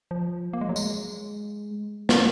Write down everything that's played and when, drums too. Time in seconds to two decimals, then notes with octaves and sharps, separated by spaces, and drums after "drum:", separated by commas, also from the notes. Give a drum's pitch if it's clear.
0.11 F3
0.53 A#3
0.61 G#3
0.69 F#3
0.76 G#3, drum: tambourine
2.09 drum: snare